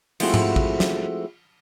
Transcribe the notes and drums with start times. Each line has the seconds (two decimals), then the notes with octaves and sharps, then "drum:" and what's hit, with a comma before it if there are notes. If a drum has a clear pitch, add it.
0.20 F3 G#3 A3 C4 E4 F#4, drum: cymbal
0.34 drum: tom G#2
0.56 drum: kick
0.80 drum: snare